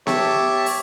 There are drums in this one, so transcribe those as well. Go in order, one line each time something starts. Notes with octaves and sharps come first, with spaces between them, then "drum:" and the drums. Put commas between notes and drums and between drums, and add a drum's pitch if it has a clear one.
G4 C#5 E5 A5 C#6 D6, drum: snare B3
drum: open hi-hat